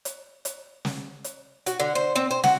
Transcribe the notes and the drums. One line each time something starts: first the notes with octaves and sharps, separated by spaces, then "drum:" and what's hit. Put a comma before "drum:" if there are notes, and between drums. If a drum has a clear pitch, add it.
drum: hi-hat
drum: hi-hat
drum: snare
drum: hi-hat
F#4, drum: hi-hat
D3
C5
C4
C5
F#4, drum: snare